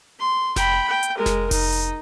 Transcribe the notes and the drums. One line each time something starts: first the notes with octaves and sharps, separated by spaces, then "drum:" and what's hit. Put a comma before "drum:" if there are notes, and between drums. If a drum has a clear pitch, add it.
C6
G5 B5, drum: snare F1
G5
drum: hi-hat
G#3 A#4
drum: snare F1
D#4, drum: kick F1, open hi-hat
drum: hi-hat